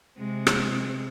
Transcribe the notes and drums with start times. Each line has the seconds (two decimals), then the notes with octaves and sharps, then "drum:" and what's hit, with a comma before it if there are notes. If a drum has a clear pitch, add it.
0.17 C3 G#3
0.47 drum: rim click